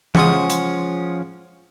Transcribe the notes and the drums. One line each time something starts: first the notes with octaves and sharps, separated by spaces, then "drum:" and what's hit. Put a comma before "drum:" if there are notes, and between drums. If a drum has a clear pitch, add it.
C#3 F3 G#3 C#4 F#5 C6 C#6 D#6, drum: tom E3
drum: hi-hat